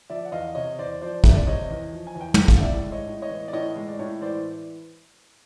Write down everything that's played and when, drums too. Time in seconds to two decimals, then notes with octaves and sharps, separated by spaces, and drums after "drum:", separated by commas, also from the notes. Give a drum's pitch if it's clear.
0.10 F3 D5 E5
0.25 F#5
0.32 E2 D#5 F5
0.55 C3 C#5 D#5
0.79 E2 C5 D5
1.01 F3 C5 D5
1.24 E2 D5 E5, drum: kick
1.46 C3 C#5 D#5
1.70 E2
1.93 F3
2.07 G#5
2.15 E2
2.21 G5
2.34 C3 F#5, drum: tom
2.48 F5, drum: kick
2.61 A2 D5 E5
2.85 G#3
2.92 C#5 D#5
3.07 A2
3.22 C#5 D#5
3.30 E3
3.48 D5
3.53 A2 C#5 D#5
3.76 G#3
3.88 D5
3.99 A2 C#5
4.21 E3 C5 D5